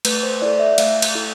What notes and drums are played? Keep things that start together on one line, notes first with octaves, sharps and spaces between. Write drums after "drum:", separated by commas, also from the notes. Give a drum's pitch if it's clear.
A3 B4, drum: cymbal
C5
E4 A4 D5
E5
A3 F5, drum: cymbal
drum: cymbal
E4 A4